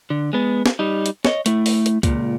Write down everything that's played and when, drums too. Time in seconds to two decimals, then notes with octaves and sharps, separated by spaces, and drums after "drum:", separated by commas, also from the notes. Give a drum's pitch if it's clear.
0.10 D3
0.33 G#3 B3
0.66 drum: snare
0.79 G3 D#4
1.06 drum: hi-hat
1.25 C#5 D#5, drum: snare
1.46 A3 E4, drum: hi-hat
1.66 drum: open hi-hat
1.86 drum: hi-hat
2.03 C#2 A#2, drum: kick, hi-hat